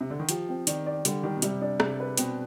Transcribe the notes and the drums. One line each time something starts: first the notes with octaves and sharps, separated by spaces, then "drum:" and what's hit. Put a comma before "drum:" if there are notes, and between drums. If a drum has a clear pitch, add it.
C3
D3
D#3
F3 G4, drum: hi-hat
C4
D#3 D5, drum: hi-hat
D5
D3 G3, drum: hi-hat
D#3 G3
B2
C3 G3, drum: hi-hat
D4
C3 G#4, drum: rim click
B4
B2 C4, drum: hi-hat